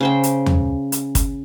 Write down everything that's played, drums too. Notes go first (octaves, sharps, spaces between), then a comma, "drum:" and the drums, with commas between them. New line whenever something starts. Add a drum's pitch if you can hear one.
C#3 C5 G5
drum: hi-hat
drum: tom
drum: hi-hat
drum: kick, hi-hat